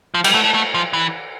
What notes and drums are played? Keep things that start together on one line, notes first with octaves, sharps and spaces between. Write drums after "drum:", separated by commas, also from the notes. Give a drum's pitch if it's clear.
F3
G3, drum: cymbal
A3
A3
A3
F3
E3